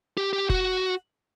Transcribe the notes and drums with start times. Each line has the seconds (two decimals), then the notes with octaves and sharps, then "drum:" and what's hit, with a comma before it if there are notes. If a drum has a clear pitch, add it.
0.17 G4
0.33 G4
0.50 F#4, drum: kick F1